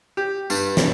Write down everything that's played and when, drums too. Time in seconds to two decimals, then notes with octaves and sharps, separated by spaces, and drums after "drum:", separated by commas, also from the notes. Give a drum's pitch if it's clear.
0.17 G4
0.50 G2, drum: tambourine
0.77 drum: snare